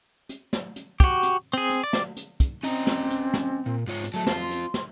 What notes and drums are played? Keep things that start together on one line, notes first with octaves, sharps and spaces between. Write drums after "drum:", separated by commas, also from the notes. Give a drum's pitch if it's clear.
drum: hi-hat
drum: snare
drum: hi-hat
F#4 G4, drum: kick, hi-hat
drum: hi-hat
C4 G#4
drum: hi-hat
D5
drum: snare
drum: hi-hat
drum: kick, hi-hat
C4 C#4 D#5 A#5, drum: hi-hat
drum: snare
drum: hi-hat
drum: snare
A#2
G#2 F4 C#5
drum: hi-hat
F#3 A3 A5
C4 F4, drum: snare
C6
drum: hi-hat
drum: snare